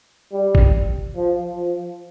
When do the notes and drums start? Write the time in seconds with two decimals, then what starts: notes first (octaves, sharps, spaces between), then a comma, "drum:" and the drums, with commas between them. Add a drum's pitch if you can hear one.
0.32 G3
0.55 drum: kick
1.16 F3
1.56 F3